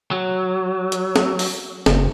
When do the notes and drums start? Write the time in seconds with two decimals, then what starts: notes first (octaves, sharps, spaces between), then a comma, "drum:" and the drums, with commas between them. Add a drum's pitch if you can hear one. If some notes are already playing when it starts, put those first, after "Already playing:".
0.11 F#3
0.92 drum: hi-hat
1.16 drum: snare
1.39 drum: open hi-hat
1.86 F#1, drum: snare